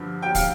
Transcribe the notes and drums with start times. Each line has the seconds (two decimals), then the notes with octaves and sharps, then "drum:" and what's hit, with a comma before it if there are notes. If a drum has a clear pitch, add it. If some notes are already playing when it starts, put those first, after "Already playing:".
Already playing: G2 D3 F3
0.22 G5
0.35 F5, drum: kick, open hi-hat